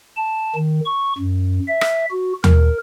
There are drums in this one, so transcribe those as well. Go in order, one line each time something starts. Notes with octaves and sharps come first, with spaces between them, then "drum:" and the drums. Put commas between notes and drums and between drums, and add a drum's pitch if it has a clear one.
A5
D#3
C#6
F#2
E5
drum: rim click
F#4
A#4, drum: tom